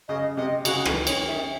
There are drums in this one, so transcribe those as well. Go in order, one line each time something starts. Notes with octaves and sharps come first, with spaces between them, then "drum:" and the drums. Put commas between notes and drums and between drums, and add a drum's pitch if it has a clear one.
C#3 D#5
C3 D#5
C#3 F#4, drum: cymbal
E3 A4, drum: rim click
D#3
C#5, drum: cymbal
D#3
E5